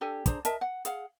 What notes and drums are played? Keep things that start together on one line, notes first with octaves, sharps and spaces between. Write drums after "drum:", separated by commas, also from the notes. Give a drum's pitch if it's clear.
D4 G4 A4 G#5
D4 G#4 C5 A#5, drum: kick, hi-hat
A#4 D#5 E5 A5, drum: hi-hat
F#5
G#4 F5 F#5, drum: hi-hat